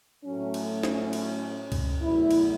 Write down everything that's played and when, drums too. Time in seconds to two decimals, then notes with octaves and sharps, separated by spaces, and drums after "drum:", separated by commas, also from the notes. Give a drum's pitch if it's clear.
0.24 A2 F#3 A3 C#4
0.54 drum: cymbal
0.83 drum: snare
1.13 drum: cymbal
1.72 drum: kick C#2, cymbal
2.01 E2 B2 F#3 A3 E4
2.31 drum: cymbal